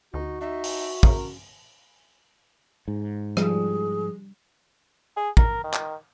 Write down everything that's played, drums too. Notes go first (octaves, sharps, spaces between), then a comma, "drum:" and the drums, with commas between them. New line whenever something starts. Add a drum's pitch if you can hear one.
D2 D#4 F#4
D#4 E5
drum: open hi-hat
C#3 A#4, drum: kick
G#2
F3 G3 G#4, drum: rim click
G#4
A#4, drum: kick
D#3
drum: clap